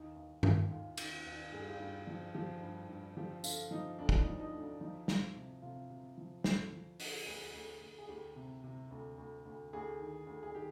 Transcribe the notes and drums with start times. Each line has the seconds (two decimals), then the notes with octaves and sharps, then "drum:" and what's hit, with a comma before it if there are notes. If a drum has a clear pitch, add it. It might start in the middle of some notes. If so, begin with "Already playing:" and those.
Already playing: D#2 D#4
0.16 D#2
0.43 D#2, drum: tom G2
0.70 D#3 F4
0.97 D#3, drum: cymbal
1.25 D#2
1.52 G2 G#4
1.60 G4
1.68 F4
1.76 G2 G4
2.07 F3
2.34 F3 G4
2.62 G2
2.89 G2
3.17 F3 G4
3.44 D3 F4, drum: tambourine
3.71 F3 D#4
3.99 D2 D4
4.09 drum: kick
4.19 D#4
4.26 F3
4.39 D#4
4.53 D2
4.60 D4
4.81 F3 D#4
5.08 F3, drum: snare
5.35 C3
5.62 C3 F4
5.90 C3
6.18 F3
6.44 D2, drum: snare
6.72 F3
7.00 D3, drum: open hi-hat
7.26 D2 G#4
7.54 D2
7.82 D2
7.98 G#4
8.09 D2 G4
8.36 C3
8.64 C3
8.91 D2
9.18 D2
9.46 D2
9.73 D2 G#4
10.00 D#3
10.27 D2
10.43 G#4
10.54 D#3 G4